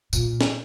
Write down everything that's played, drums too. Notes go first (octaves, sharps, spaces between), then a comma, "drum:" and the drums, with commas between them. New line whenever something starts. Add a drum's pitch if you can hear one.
A#2, drum: tambourine
drum: snare